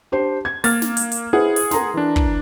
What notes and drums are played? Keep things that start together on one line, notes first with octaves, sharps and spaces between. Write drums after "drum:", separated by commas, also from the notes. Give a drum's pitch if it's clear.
D4 G4 C5
G#6
A#3 F6 A6, drum: open hi-hat
drum: snare
drum: hi-hat
drum: hi-hat
E4 G#4 B4 C5 F#5
drum: open hi-hat
A#4 A#5 C6, drum: snare
E3 D4
drum: kick